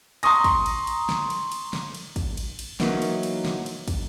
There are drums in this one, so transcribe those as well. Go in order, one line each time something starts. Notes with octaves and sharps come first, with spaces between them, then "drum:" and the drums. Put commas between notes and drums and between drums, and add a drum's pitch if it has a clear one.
A#5 C6 C#6 D#6 A#6, drum: cymbal
drum: kick, cymbal
drum: cymbal
drum: cymbal
drum: snare
drum: cymbal
drum: cymbal
drum: snare
drum: cymbal
drum: kick, cymbal
drum: cymbal
drum: cymbal
E3 F#3 A#3 C#4 D#4, drum: snare
drum: cymbal
drum: cymbal
drum: snare
drum: cymbal
drum: kick, cymbal